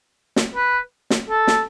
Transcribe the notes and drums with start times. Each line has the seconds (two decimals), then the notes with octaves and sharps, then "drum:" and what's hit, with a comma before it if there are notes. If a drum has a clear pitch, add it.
0.36 drum: snare
0.55 B4
1.10 drum: snare
1.29 A4
1.47 drum: snare